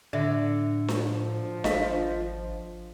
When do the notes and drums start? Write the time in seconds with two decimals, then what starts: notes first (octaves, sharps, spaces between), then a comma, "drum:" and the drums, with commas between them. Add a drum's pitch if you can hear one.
0.13 A2 D3 D5 E5
0.88 F3, drum: snare D4
1.64 G#1 D#5 F5, drum: snare D4